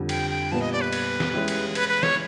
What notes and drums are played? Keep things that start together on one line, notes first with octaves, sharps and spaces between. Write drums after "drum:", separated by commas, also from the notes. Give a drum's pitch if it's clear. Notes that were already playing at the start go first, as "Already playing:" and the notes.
Already playing: F2 D3 G3
G5, drum: cymbal
G5
A#2 G3 B3 A5
D#5
D5
B4
drum: cymbal
drum: snare
E3 G#3 C#4 E4 G4
drum: cymbal
B4, drum: cymbal
B4
C#5, drum: snare